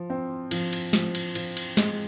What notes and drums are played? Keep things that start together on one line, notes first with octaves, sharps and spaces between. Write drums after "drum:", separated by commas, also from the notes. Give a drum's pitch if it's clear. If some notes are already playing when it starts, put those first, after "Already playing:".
Already playing: F3
C4
F3, drum: cymbal
drum: cymbal
F3, drum: snare
drum: cymbal
F3, drum: cymbal
drum: cymbal
G#3, drum: snare